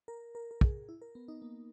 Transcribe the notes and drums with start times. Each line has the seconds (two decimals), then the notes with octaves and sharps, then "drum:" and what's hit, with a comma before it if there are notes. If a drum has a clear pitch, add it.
0.08 A#4
0.35 A#4
0.51 A#4
0.61 G#4, drum: kick
0.89 E4
1.02 A#4
1.15 B3
1.28 D#4
1.42 A#3